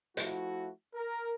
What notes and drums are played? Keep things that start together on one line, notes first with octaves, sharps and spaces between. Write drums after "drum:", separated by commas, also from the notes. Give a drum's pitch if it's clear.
F3 A3 E4 F#4, drum: hi-hat
A#4